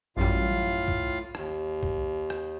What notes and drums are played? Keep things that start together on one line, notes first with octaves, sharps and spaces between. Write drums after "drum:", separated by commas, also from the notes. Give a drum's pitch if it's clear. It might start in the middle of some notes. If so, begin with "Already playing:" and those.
A1 F#2 A2 G3 F4 F5
drum: kick B1
D#2, drum: rim click
drum: kick B1
drum: rim click